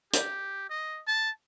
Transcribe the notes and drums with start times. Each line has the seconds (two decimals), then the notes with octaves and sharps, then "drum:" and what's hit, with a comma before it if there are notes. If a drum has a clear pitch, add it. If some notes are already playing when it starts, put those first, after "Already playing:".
0.13 G4, drum: hi-hat
0.70 D#5
1.07 A5